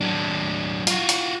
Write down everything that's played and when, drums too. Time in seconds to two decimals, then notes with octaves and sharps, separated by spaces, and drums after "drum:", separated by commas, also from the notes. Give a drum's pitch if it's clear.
0.01 F#3 D4
0.87 F4 F#4, drum: hi-hat
1.09 drum: hi-hat